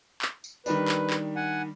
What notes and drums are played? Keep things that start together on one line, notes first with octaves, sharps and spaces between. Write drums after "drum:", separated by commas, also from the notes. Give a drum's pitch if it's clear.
drum: clap
drum: tambourine
D#3 G3 D4 B4, drum: tambourine
drum: clap
drum: clap
F#5 G#5